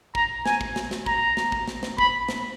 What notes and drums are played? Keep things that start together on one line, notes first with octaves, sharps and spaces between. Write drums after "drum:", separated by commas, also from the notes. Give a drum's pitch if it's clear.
A#5, drum: kick
G#5, drum: snare
drum: kick
drum: snare
drum: snare
A#5, drum: kick
drum: snare
drum: kick
drum: snare
drum: snare
B5, drum: kick
drum: snare